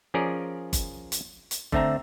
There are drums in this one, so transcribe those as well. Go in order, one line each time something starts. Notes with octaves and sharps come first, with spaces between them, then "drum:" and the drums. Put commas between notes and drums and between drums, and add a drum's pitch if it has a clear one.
F3 C#4 G#4 A#4 D5
drum: kick G1, hi-hat
drum: hi-hat
drum: hi-hat
D3 A3 C4 E5 A#5, drum: kick G1